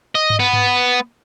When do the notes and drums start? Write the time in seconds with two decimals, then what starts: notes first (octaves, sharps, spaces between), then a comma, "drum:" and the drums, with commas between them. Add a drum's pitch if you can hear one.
0.15 D#5
0.30 drum: tom G2
0.40 B3
0.53 drum: tom G2